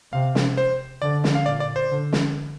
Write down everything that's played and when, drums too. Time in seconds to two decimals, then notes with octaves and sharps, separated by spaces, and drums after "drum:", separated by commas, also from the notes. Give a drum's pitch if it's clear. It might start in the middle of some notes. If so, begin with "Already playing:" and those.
0.12 C3 F5
0.35 drum: snare
0.57 C5
1.02 D3 D5
1.24 drum: snare
1.35 F5
1.46 A#2 D5
1.60 D5
1.76 C5
1.91 D3
2.13 drum: snare